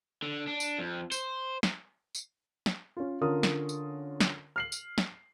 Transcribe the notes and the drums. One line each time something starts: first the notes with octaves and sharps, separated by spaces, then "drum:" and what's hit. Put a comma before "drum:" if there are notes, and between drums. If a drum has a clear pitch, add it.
D3
D4
drum: tambourine
F2
C5, drum: tambourine
drum: snare
drum: tambourine
drum: snare
C#4 F4
D3 C#4 F4 A#4 D#6
drum: snare
drum: tambourine
drum: snare
F6 C7 F#7
drum: tambourine
drum: snare